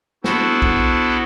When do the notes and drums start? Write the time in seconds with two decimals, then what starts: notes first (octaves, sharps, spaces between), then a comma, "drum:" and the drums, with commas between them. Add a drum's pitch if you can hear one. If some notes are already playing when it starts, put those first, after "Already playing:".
0.24 B3 D4 E4 F#4 A4 C5, drum: snare
0.62 drum: kick B1